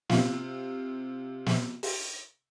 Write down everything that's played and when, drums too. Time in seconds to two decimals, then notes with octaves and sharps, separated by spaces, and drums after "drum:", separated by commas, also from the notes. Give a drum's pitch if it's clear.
0.10 C3 F4, drum: snare
1.46 drum: snare
1.83 drum: open hi-hat